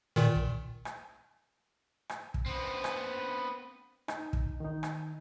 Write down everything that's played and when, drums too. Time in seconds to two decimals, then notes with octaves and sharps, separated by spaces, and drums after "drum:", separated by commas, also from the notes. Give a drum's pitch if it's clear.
0.16 A#2 D#3
0.36 drum: kick
0.85 drum: rim click
2.09 drum: rim click
2.34 drum: kick
2.46 B3 C4
2.84 drum: rim click
4.08 D#4, drum: rim click
4.33 drum: kick
4.60 D#3 D#4
4.83 drum: rim click